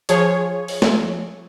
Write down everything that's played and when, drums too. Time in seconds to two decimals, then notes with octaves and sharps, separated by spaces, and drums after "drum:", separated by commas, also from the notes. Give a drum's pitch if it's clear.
0.09 F3 G#4 C#5, drum: hi-hat
0.68 drum: open hi-hat
0.82 drum: snare